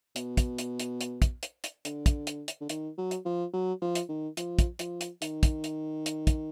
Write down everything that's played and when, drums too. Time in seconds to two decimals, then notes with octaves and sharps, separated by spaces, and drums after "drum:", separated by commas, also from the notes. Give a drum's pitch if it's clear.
0.16 B2, drum: hi-hat
0.37 drum: kick, hi-hat
0.58 drum: hi-hat
0.80 drum: hi-hat
1.01 drum: hi-hat
1.22 drum: kick, hi-hat
1.43 drum: hi-hat
1.64 drum: hi-hat
1.85 D3, drum: hi-hat
2.06 drum: kick, hi-hat
2.27 drum: hi-hat
2.48 drum: hi-hat
2.61 D3
2.69 D#3, drum: hi-hat
2.98 F#3
3.11 drum: hi-hat
3.25 F3
3.53 F#3
3.82 F3
3.95 drum: hi-hat
4.09 D#3
4.37 F3, drum: hi-hat
4.59 drum: kick, hi-hat
4.79 F3, drum: hi-hat
5.01 drum: hi-hat
5.22 D#3, drum: hi-hat
5.43 drum: kick, hi-hat
5.64 drum: hi-hat
6.06 drum: hi-hat
6.27 drum: kick, hi-hat